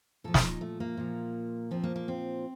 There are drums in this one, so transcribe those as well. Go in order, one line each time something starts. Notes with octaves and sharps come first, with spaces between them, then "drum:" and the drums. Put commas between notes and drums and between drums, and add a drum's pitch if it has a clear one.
A#2 F3 A4
C#4, drum: snare
D#4
A3
A#3
A#2 F3
A#2 F3 C4
A#3
A#3
C4